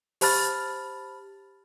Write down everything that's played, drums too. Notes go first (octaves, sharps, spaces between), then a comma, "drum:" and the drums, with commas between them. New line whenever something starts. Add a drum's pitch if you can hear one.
G4 C5 A5 B5 F6 A6, drum: open hi-hat